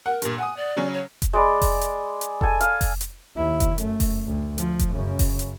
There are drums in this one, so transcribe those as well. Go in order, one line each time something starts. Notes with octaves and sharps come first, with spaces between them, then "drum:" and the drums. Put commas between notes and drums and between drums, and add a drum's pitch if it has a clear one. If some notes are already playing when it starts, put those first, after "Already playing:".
A#4 F#5
G2 A#2, drum: hi-hat
F#5 G#5 D#6
D5
C#3 F#3 C#4
C#5
drum: kick F1, hi-hat
G#3 D5 B5
drum: kick F1, open hi-hat
drum: hi-hat
drum: hi-hat
A4 G#5, drum: kick F1
F5, drum: hi-hat
drum: kick F1, open hi-hat
drum: hi-hat
D#2 E4
drum: kick F1, hi-hat
F#2 A3, drum: hi-hat
drum: kick F1, open hi-hat
D2
F3, drum: hi-hat
drum: kick F1, hi-hat
F#2 C#3
drum: kick F1, open hi-hat
drum: hi-hat